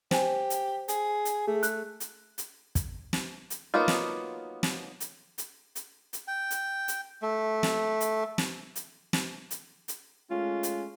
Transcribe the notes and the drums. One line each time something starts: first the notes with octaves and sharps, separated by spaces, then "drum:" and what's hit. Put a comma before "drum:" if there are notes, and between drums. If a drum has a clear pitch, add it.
G4 C5 G#5, drum: snare
drum: hi-hat
G#4, drum: hi-hat
drum: hi-hat
A3 G#4
F#6, drum: hi-hat
drum: hi-hat
drum: hi-hat
drum: kick, hi-hat
drum: snare
drum: hi-hat
F#3 A#3 B3 D#4 F4
drum: snare
drum: snare
drum: hi-hat
drum: hi-hat
drum: hi-hat
drum: hi-hat
G5
drum: hi-hat
drum: hi-hat
A3
drum: snare
drum: hi-hat
drum: snare
drum: hi-hat
drum: snare
drum: hi-hat
drum: hi-hat
G#3 A3 C#4 F4
drum: hi-hat